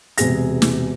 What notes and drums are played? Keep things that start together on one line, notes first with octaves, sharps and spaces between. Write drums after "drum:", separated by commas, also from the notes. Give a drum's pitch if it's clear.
E1 C3 G#4 A#6, drum: hi-hat
drum: snare